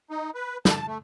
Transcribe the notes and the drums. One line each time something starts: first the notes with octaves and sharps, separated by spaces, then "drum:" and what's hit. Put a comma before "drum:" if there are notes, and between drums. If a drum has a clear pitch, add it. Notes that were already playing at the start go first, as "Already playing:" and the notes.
D#4
B4
A5, drum: snare
A3